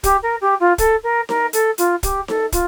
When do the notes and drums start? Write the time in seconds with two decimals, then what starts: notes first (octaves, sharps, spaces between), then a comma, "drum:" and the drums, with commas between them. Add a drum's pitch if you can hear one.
0.04 G4, drum: kick, hi-hat
0.22 A#4
0.41 G4
0.60 F4
0.78 A4, drum: kick, hi-hat
1.03 A#4
1.29 A#4, drum: snare D#4
1.53 A4, drum: hi-hat
1.78 F4, drum: hi-hat
2.03 G4, drum: kick, hi-hat
2.28 A4, drum: snare D#4
2.52 F4, drum: kick, hi-hat